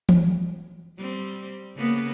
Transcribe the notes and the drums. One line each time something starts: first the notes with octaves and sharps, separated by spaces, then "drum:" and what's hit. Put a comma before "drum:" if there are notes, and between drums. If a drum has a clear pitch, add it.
drum: tom E3
G3 C4
C#3 A#3 B3